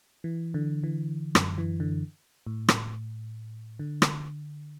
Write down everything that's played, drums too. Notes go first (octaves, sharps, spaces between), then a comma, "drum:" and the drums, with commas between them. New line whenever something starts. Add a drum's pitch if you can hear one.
E3
D3
E3
F#2, drum: rim click
E3
D3
A2
drum: rim click
D3
drum: rim click